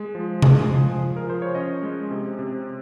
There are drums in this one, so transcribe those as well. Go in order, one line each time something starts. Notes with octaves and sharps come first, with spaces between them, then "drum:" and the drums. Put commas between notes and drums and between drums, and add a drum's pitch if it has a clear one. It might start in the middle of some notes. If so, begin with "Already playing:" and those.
Already playing: G#3 G#4
F3
G#3 G#4, drum: tom C3
F3
F3
A#4
F3 C5
C#5
C#4 D#5
G#3
C3
C3